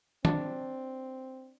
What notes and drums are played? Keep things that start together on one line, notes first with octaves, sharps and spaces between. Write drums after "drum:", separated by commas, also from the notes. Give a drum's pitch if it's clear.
C4 D4, drum: tom D#3